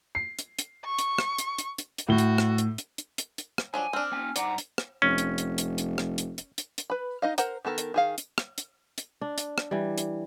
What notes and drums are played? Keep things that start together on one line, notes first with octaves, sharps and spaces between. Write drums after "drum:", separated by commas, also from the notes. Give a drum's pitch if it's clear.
C7
drum: hi-hat
drum: hi-hat
C#6
drum: hi-hat
drum: rim click
drum: hi-hat
drum: hi-hat
drum: hi-hat
drum: hi-hat
A2 F#4 G7
drum: hi-hat
drum: rim click
drum: hi-hat
drum: hi-hat
drum: hi-hat
drum: hi-hat
drum: hi-hat
drum: rim click
F3 F#3 D4 G#5
C4 D4 F6
A#3 C#4 G#5
G2 C5 D5 F#5 A#5, drum: hi-hat
drum: hi-hat
drum: rim click
F1 C#4
drum: hi-hat
drum: hi-hat
drum: hi-hat
drum: hi-hat
drum: rim click
drum: hi-hat
drum: hi-hat
drum: hi-hat
drum: hi-hat
B4 B5
D#4 D#5 F5
A#4 C5 F#5 A#5, drum: hi-hat
D#3 B3 A4 A#4
drum: hi-hat
D#3 G#4 F5
drum: hi-hat
drum: rim click
drum: hi-hat
drum: hi-hat
D4
drum: hi-hat
drum: rim click
E3 G3
drum: hi-hat